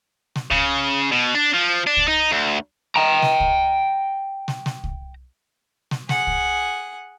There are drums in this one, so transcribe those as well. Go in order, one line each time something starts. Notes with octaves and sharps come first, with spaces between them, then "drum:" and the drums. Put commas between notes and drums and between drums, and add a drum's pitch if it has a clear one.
drum: snare
C#3, drum: kick C2
B2
D4
F3
D4
drum: kick C2
D#4
D2
G5 A#5
drum: snare
drum: kick C2
drum: snare
drum: snare
drum: kick C2
drum: snare
G#4 F#5, drum: snare
drum: kick C2